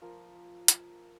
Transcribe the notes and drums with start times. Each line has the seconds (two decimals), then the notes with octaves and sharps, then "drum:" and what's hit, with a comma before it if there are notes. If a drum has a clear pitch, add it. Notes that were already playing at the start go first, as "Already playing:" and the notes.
0.02 F3 A#4
0.68 drum: hi-hat